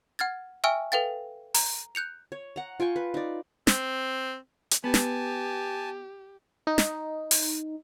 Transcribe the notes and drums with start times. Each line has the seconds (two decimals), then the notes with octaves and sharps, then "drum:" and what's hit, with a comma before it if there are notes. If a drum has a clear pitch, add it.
0.19 F#5 F6 G#6 A6
0.64 E5 G5 G#5 C#6 E6 F6
0.92 A4 B4 F5 G5 A6
1.54 A#5, drum: open hi-hat
1.95 F#6 G6 C#7 F7
2.32 C#5
2.56 F#5 A#5
2.80 F4 G5 G#5 C#6
2.96 B4
3.14 D#4 D5
3.67 C4, drum: snare
4.71 drum: hi-hat
4.84 B3 G4 G#5 A5
4.94 drum: snare
6.67 D#4
6.78 drum: snare
7.31 drum: open hi-hat